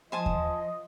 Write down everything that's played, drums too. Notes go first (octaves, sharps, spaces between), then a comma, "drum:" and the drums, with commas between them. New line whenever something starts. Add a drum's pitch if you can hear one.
F3 C5 D#5 G#5 A5
drum: kick D#2